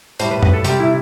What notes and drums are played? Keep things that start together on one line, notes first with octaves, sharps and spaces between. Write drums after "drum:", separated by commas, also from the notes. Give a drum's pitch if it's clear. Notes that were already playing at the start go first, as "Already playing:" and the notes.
A2 G3 C5, drum: hi-hat
B4
B4, drum: tom F#2
A4
C3 G3 G4, drum: hi-hat
E4